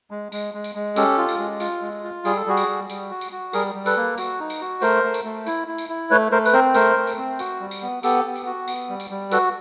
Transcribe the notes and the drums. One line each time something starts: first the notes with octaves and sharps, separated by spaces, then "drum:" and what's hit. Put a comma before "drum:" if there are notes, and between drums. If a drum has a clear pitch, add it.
G#3
G#3, drum: tambourine
G#3
drum: tambourine
G#3
C#4 G4 A4, drum: tambourine
F4
drum: tambourine
G#3
F4, drum: tambourine
G#3
F4
G3 G#4, drum: tambourine
A4
G3 F#4 G#4
drum: tambourine
G3
G3, drum: tambourine
F#4
drum: tambourine
F#4
G3 G#4 A#4, drum: tambourine
G3
A4 B4, drum: tambourine
A#3
F#4, drum: tambourine
D#4
drum: tambourine
F#4
A3 A#4 C5, drum: tambourine
A3
drum: tambourine
A3
E4, drum: tambourine
E4
drum: tambourine
E4
A3 B4 C#5
A3 A#4 C5
B4, drum: tambourine
C4 A#4 C5
A3 A#4 C5, drum: tambourine
A3
drum: tambourine
C4
F#4, drum: tambourine
G3
drum: tambourine
B3
B3 G4 A4, drum: tambourine
B3
drum: tambourine
F#4
B3, drum: tambourine
G3
drum: tambourine
G3
F#4 A4 B4, drum: tambourine